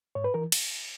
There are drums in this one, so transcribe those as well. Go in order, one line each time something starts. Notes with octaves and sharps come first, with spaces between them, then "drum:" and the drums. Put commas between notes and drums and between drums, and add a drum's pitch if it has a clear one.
G#2 C#5
B4
E3 A#4
drum: cymbal